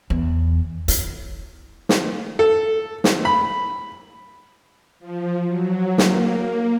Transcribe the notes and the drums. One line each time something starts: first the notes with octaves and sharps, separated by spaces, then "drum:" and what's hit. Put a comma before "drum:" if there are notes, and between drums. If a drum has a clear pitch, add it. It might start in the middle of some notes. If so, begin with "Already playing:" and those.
E2
E4, drum: hi-hat
drum: snare
A4
drum: snare
B5
F3
F#3
A#3, drum: snare